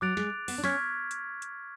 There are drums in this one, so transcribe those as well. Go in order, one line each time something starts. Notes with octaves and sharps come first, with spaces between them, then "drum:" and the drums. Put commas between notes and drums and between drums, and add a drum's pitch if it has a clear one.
F#3 D6 F#6 A6 D7 F7
G#3, drum: snare
B3, drum: open hi-hat
D4
C#4 C#6 F6 G#6 B6, drum: snare
drum: hi-hat
drum: hi-hat